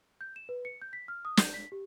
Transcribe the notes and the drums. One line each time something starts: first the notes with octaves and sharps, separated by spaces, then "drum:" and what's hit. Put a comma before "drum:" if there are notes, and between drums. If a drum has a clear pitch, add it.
G6
E7
B4
C#7
G6
B6
F6
D#6
G6, drum: snare
B6
G4